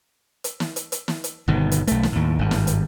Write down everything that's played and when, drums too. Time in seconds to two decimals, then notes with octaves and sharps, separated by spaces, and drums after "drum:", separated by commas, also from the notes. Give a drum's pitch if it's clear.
0.44 drum: hi-hat
0.60 drum: snare
0.76 drum: hi-hat
0.92 drum: hi-hat
1.08 drum: snare
1.24 drum: hi-hat
1.48 G1 B2 D#3
1.72 drum: hi-hat
1.87 B1 A3, drum: hi-hat
2.03 drum: snare
2.12 D#2 A2
2.39 G#1 G2
2.51 drum: snare
2.67 drum: hi-hat